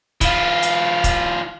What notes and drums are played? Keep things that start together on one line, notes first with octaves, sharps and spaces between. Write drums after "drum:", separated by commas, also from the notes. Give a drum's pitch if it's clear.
E3 F4, drum: kick, hi-hat
drum: hi-hat
drum: kick, hi-hat